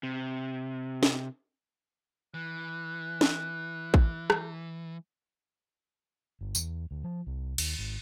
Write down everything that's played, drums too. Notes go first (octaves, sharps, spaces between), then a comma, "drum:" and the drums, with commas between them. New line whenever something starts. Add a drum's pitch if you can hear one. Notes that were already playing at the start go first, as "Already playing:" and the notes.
C3
drum: snare
E3 F#6
drum: snare
drum: kick
drum: rim click
G1
E2, drum: tambourine
D2
F3
C2
D#2, drum: cymbal
G#1